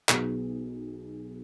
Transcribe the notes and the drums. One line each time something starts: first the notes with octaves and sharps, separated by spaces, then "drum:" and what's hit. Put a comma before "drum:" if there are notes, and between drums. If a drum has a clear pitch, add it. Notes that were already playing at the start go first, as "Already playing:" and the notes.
B1 B2 B3 D#4 G#4, drum: clap